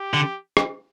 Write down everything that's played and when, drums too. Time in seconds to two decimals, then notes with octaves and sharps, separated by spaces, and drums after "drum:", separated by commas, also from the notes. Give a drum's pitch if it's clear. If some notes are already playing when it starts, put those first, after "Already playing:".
Already playing: G4
0.14 D3
0.57 drum: rim click